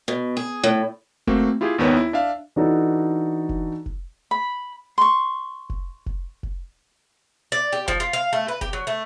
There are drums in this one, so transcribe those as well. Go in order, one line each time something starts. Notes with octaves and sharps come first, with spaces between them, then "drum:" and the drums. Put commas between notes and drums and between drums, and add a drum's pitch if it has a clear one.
B2
G#4
A2
A3 A#3 C4 F#4, drum: kick F1
E4 F4 G4 G#4
G#1 D#2 D#3 B3 B4 C#5
E4
D4 E5 F5
E3 D4 D#4 F#4 A4
drum: kick F1
drum: kick F1
B5
C6 C#6
drum: kick F1
drum: kick F1
drum: kick F1
D5
G4
F3, drum: kick F1
F4
F5
A3
B4
G4, drum: kick F1
F#3
A3